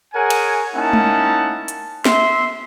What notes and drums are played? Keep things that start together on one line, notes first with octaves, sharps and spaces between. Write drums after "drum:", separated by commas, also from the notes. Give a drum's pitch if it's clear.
G#4 A#4 C#5 F#5 G#5
drum: cymbal
A#3 C#4 D#4 E4 F#5 A5
drum: tom G#3
drum: hi-hat
E5 C6, drum: snare